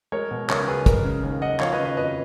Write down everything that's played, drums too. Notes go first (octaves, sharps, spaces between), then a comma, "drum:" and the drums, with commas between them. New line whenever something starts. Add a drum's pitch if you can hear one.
G#3 A#4 C#5
B2
C#2 A#4 C#5, drum: clap
C#2 G#4 B4
G#3 A#4, drum: kick, hi-hat
C#3
D#2
D#2 D#5 F#5
F3 C#5 F5, drum: clap
B4 D#5
C#3
B4 D#5
F2 B4 D#5